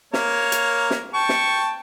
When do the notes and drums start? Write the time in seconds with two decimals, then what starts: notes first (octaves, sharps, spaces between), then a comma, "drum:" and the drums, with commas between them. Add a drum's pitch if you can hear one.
0.13 A#3 A#4 C#5, drum: snare
0.52 drum: hi-hat
0.91 drum: snare
1.14 G5 A5 C#6
1.29 drum: snare